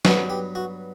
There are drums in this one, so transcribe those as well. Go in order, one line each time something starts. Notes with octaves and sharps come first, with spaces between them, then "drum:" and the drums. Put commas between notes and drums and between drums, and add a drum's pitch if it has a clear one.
G2 F#3 B3 F#4, drum: snare
G4
F#4